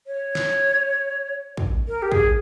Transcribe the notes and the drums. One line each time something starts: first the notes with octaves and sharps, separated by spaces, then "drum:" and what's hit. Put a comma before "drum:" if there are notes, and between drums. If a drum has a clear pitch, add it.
C#5
drum: snare
drum: kick
A#4
G4
G#4, drum: kick